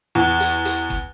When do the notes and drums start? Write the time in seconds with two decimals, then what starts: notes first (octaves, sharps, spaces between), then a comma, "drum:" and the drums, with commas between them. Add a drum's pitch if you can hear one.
0.15 E2
0.40 drum: hi-hat
0.65 drum: hi-hat
0.90 drum: kick F#1